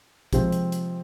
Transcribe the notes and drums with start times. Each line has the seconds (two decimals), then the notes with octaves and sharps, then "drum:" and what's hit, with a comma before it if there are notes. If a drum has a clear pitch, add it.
0.33 C3 F3 G#3 C4, drum: kick, hi-hat
0.52 drum: hi-hat
0.72 drum: hi-hat